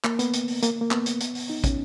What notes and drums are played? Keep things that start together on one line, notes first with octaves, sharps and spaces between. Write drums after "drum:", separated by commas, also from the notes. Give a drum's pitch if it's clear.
A#3, drum: clap
B3, drum: hi-hat
drum: hi-hat
drum: open hi-hat
A#3, drum: hi-hat
A#3
B3, drum: clap
drum: hi-hat
drum: hi-hat
drum: open hi-hat
D#4
C#4, drum: kick, hi-hat